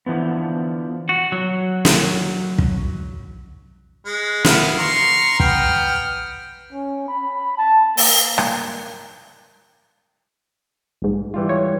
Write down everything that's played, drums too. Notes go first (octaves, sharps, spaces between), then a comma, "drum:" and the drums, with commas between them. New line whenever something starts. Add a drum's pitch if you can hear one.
D3 E3 F3 B3
F#4
F#3
drum: snare
drum: kick
G#3
B3 E4 F5, drum: snare
A#5 C6 C#6
B3 G5 F6, drum: kick
C#4
B5
A5
A#3, drum: open hi-hat
drum: rim click
A#1 G#2
E3 G3 F4
C#5